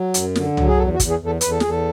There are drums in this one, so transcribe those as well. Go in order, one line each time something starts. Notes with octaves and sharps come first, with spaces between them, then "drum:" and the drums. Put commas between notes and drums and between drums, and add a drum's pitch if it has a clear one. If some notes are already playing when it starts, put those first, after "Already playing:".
Already playing: F#3
F#2, drum: hi-hat
D3, drum: snare
F#3, drum: tom
G#4
E2 A4
F#4
E2, drum: kick, hi-hat
G#4
E2
A4
E2 B4, drum: hi-hat
A4
E2 G#4, drum: snare
A4